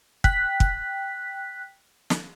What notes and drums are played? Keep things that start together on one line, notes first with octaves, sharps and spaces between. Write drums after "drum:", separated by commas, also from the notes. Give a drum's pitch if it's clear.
G5 F#6 B6, drum: kick
drum: kick
drum: snare